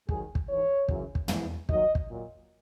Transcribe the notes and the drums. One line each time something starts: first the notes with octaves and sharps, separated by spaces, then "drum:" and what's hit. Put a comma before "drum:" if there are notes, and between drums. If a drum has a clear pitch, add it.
G#2 D#3 F#3 G#4, drum: kick
drum: kick
G#2 E3 C#5
F#2 C#3 E3, drum: kick
drum: kick
G#2 E3, drum: tom
D#2 D#3 F#3 D#5, drum: kick
drum: kick
A#2 F#3